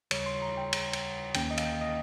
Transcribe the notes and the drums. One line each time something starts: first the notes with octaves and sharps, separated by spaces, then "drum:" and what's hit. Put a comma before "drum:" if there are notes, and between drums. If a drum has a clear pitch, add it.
D#2 C#3 G3 C#5, drum: cymbal
C6
A#5
G5
drum: cymbal
drum: cymbal
D#2 D#3 A#3 C#4 G5, drum: cymbal
D#5
F5, drum: cymbal
G5
D#5